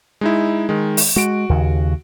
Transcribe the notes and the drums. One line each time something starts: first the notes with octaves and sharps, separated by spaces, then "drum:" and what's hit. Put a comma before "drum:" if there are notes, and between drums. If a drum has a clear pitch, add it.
G#3 D#4 E4
D#3 G#3
drum: open hi-hat
G#3 F#4 D7
D#2 C#3